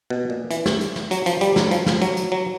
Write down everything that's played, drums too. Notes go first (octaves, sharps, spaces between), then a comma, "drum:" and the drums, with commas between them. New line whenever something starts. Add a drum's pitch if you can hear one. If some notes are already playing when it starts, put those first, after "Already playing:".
B2
A#2
E3, drum: hi-hat
drum: snare
drum: hi-hat
drum: snare
F#3, drum: hi-hat
F3, drum: hi-hat
G3, drum: hi-hat
F#3, drum: snare
F3, drum: hi-hat
drum: snare
F#3, drum: hi-hat
drum: hi-hat
F#3